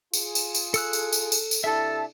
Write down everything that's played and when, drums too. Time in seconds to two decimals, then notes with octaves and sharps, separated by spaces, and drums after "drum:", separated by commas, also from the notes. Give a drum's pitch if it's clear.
0.13 F4 G#4, drum: tambourine
0.35 drum: tambourine
0.55 drum: tambourine
0.74 A4 E6 F#6, drum: tambourine
0.93 drum: tambourine
1.13 drum: tambourine
1.32 drum: tambourine
1.51 drum: tambourine
1.64 C3 D4 E4 A4 E5 A5